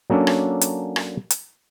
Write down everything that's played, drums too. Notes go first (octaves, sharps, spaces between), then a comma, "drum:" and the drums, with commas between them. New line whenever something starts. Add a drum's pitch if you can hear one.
F#3 A#3 C#4 D4 A4
drum: rim click
drum: hi-hat
drum: rim click
drum: hi-hat